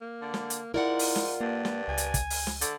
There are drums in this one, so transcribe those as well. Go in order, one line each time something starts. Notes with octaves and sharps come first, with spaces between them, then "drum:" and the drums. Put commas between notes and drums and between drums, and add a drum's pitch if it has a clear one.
A#3
D3
drum: snare
drum: hi-hat
G#2 E4 F4 A#4 D5 F#5
drum: open hi-hat
drum: snare
G2 A#3
drum: snare
C#2 G#5
drum: hi-hat
drum: kick, hi-hat
drum: open hi-hat
drum: snare
D3 A4, drum: hi-hat